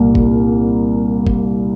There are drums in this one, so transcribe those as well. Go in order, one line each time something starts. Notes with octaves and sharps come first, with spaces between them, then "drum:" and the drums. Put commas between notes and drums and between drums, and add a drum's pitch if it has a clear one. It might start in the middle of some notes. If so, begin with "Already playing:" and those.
Already playing: C2 A#2 A#3
drum: kick
drum: kick